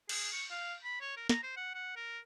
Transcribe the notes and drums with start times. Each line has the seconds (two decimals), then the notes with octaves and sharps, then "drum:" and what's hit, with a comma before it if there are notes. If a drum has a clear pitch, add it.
0.09 G#4, drum: cymbal
0.33 C#6
0.51 F5
0.84 B5
1.01 C#5
1.17 A#4
1.29 A#5, drum: snare
1.43 C5
1.57 F#5
1.74 F#5
1.96 A#4